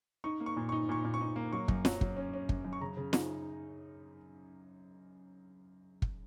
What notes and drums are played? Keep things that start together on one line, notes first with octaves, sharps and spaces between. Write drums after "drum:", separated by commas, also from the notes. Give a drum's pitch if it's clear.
D#4 C#6
A#3
C#6
A#2
D#4 C#6
A#2 C#6
A#2
C#6
D#4
A#3
F#3 C#6
F#2, drum: kick
F#3, drum: snare
F#3, drum: kick
C#4
C#4
F#2, drum: kick
F#2
C#6
C#3 A#5
C#3
D#4, drum: snare
drum: kick